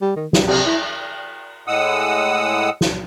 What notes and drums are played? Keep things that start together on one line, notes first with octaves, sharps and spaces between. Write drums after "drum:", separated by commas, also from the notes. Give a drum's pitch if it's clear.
G3
D#3
G3, drum: snare
C3, drum: cymbal
E4
A2 G#3 F#5 D#6 E6
drum: snare